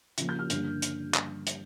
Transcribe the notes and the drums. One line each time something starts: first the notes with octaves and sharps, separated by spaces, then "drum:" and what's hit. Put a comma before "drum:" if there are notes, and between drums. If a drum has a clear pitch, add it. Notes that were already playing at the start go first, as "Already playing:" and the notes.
C#3 F3 A#3, drum: hi-hat
G6
F6
G2 D3 G3 A#3, drum: hi-hat
drum: hi-hat
drum: clap
drum: hi-hat